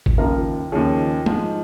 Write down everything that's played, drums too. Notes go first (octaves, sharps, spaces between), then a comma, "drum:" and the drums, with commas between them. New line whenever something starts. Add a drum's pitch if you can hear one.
drum: kick G#1
D#2 C#3 F3 F4 A#4
D#2 C#3 F3 G#4 C#5
G#2 F3, drum: tom